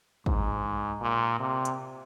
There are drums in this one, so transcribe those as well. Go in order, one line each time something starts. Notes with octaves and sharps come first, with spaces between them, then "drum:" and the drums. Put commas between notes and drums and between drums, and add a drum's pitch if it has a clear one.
G#2, drum: kick A1
A#2
C3
drum: hi-hat